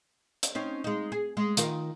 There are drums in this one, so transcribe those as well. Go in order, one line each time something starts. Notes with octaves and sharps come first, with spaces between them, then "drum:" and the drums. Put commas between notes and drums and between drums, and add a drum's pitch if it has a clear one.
drum: hi-hat
C4 C#4 D#4
G#3 D#4
G#4
G#3
D#3 F4 A#4, drum: hi-hat